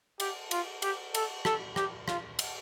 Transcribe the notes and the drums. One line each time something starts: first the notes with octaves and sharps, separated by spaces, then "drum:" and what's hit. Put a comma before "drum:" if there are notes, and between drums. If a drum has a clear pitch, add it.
G4, drum: cymbal
F4, drum: cymbal
G4, drum: cymbal
A4, drum: cymbal
A4, drum: rim click
G4, drum: rim click
F4, drum: rim click
drum: cymbal